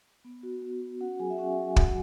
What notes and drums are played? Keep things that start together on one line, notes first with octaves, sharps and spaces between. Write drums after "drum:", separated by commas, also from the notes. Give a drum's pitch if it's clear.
B3
F#4
B3
F#4
C#4 F#4 F#5
F#3 G#4 G#5
E5
C#4 F#4 F#5
F#3
G#5
F#3 F#4 F#5, drum: kick